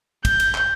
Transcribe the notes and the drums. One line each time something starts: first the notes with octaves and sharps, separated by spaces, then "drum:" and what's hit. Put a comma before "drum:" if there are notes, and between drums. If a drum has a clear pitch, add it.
G6, drum: kick, cymbal
drum: cymbal
drum: clap